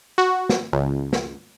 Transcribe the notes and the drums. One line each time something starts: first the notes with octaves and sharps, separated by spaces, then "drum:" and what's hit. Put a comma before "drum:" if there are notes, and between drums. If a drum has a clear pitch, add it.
F#4
drum: snare
C#2
drum: snare